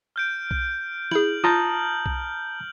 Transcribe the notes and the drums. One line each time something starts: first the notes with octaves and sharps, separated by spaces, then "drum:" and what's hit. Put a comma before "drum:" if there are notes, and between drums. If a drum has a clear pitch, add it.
F6 G6 D7
drum: kick B1
E4 G#4 F#7, drum: snare
F4 A5 A#5 D#6 F6 G6
drum: kick B1